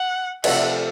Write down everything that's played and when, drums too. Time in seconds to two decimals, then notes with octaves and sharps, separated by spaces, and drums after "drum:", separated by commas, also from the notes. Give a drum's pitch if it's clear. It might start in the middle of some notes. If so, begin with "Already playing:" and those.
Already playing: F#5
0.44 C3 F3 A3 F#5, drum: cymbal